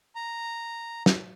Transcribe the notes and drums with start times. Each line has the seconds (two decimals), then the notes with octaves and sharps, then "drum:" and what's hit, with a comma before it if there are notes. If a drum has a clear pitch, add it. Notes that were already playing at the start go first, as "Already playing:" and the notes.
0.16 A#5
1.06 drum: snare